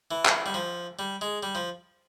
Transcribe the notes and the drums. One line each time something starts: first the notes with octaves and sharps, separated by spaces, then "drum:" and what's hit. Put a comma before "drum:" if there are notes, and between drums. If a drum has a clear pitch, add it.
E3
drum: clap
G3
F3
G3
G#3
G3
F3